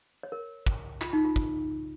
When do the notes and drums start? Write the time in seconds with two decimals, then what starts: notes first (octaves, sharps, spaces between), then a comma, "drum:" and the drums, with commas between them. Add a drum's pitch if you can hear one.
0.23 C#5
0.32 A#4
0.66 drum: kick
1.01 F4, drum: clap
1.13 D#4
1.25 F4
1.36 drum: kick